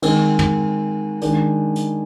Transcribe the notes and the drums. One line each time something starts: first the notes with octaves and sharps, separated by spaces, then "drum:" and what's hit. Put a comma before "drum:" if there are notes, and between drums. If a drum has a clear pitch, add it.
D#3 G#3 C4 D#4, drum: cymbal
drum: tom
D#3 G#3 D4, drum: hi-hat
drum: hi-hat